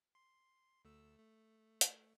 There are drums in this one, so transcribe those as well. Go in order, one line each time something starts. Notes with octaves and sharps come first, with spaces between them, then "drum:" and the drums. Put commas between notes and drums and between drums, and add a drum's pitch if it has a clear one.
C6
D2 A3 E6
A3
drum: hi-hat